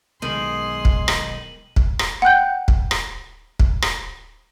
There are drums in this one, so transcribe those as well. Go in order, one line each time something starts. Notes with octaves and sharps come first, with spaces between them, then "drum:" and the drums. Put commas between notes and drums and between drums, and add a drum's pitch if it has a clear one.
B1 D#3 G#3 B3 G#4 C6 D#7 F#7
drum: kick
drum: rim click
drum: kick
drum: rim click
F#5 G5 F#6 G6
drum: kick
drum: rim click
drum: kick
drum: rim click